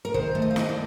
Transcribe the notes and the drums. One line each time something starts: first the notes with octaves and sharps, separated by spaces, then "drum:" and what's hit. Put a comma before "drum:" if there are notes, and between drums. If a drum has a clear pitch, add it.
A#4
D#3 C5, drum: kick
A3
D#5
F5
D#3 D#5, drum: snare E4
D5